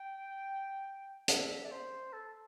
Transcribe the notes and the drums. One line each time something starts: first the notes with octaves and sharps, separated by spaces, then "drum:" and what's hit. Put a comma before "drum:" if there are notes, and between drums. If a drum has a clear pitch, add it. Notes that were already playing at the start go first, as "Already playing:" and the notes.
Already playing: G5
E5, drum: hi-hat
D5
C5
A4